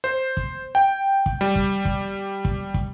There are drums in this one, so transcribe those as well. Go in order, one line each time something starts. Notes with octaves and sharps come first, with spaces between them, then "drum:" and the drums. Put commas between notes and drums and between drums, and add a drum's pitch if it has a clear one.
C5
drum: kick
G5
drum: kick
G3
drum: kick
drum: kick
drum: kick
drum: kick